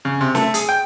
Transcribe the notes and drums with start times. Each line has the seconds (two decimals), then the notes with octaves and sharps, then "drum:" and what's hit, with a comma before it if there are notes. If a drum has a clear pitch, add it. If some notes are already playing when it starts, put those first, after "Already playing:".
0.05 C#3
0.21 C3
0.35 A3, drum: snare
0.54 G#4, drum: hi-hat
0.69 G5